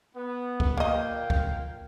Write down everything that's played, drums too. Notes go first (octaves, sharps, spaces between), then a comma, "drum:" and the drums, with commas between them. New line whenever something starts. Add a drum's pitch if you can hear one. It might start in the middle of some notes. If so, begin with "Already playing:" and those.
B3
drum: kick
A#2 A#3 D#5 F5 G5
drum: kick